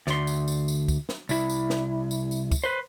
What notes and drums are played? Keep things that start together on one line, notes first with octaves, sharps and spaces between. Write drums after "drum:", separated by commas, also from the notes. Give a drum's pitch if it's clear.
D2 C6, drum: snare
drum: tambourine
drum: tambourine
drum: tambourine
drum: kick, tambourine
drum: snare
C2 E4, drum: tambourine
drum: tambourine
drum: snare
drum: tambourine
drum: tambourine
drum: kick, tambourine
B4 C5